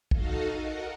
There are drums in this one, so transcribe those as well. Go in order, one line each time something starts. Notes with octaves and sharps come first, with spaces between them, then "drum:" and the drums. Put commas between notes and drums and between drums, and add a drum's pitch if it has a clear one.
D#4 F#4 A4 D#5 F5, drum: kick
A#4 F#5